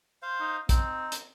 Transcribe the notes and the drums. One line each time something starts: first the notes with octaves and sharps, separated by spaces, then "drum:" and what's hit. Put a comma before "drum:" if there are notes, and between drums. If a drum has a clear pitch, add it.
C5 F5
D#4
C4 D#4, drum: kick, hi-hat
drum: hi-hat